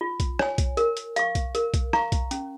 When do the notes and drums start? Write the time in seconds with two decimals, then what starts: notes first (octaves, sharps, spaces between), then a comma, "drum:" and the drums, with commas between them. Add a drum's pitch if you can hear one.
0.01 F4
0.20 drum: kick B1, hi-hat
0.39 C#5 G#5, drum: rim click
0.58 drum: kick B1, hi-hat
0.77 A#4, drum: hi-hat
0.97 drum: hi-hat
1.16 F5 C#6, drum: hi-hat
1.35 drum: kick B1, hi-hat
1.55 A#4, drum: hi-hat
1.74 drum: kick B1, hi-hat
1.93 F5 A#5 C#6, drum: rim click
2.12 drum: kick B1, hi-hat
2.31 C#4, drum: hi-hat